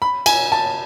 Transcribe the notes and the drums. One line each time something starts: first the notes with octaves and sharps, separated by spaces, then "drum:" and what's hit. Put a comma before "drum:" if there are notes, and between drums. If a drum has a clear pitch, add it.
B5
G#5, drum: cymbal
A5